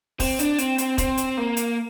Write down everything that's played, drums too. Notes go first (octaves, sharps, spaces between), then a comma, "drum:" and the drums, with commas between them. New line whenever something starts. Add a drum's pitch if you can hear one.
C4, drum: kick E1, open hi-hat
D4, drum: hi-hat
C4, drum: hi-hat
C4, drum: hi-hat
C4, drum: kick E1, hi-hat
drum: hi-hat
A#3
drum: hi-hat